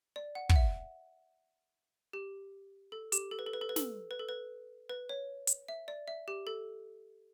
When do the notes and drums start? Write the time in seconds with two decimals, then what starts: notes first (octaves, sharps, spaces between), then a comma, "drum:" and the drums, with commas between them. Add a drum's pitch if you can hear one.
0.16 D5
0.35 F#5
0.49 F#5, drum: kick
0.56 E5
2.13 G4
2.92 A4
3.12 G4, drum: hi-hat
3.31 A4
3.39 B4
3.46 A4
3.53 B4
3.61 A4
3.69 B4
3.76 A4, drum: snare
4.11 B4
4.19 A4
4.29 B4
4.89 B4
5.09 C#5
5.47 drum: hi-hat
5.68 E5
5.88 D5
6.08 E5
6.28 G4
6.47 A4